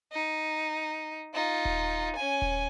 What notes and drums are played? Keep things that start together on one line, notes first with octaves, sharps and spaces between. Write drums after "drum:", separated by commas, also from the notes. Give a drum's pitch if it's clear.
D#4
D#4 F4
drum: kick D#1
C#4 G#5
drum: kick D#1